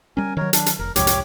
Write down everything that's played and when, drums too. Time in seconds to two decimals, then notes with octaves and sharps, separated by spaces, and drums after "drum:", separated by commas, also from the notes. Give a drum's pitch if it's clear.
0.17 G3 C#4 A#4 G#5
0.37 D#3 F#3 A#4 C#5
0.53 D4, drum: hi-hat
0.66 drum: hi-hat
0.79 F1 A#4
0.96 C2 F2 G#2 G4 C#5 D6, drum: hi-hat
1.07 drum: hi-hat